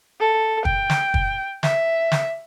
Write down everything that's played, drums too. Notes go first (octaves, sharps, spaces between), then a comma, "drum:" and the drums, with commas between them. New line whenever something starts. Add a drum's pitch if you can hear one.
A4
G5, drum: kick
drum: snare
drum: kick
E5, drum: snare
drum: snare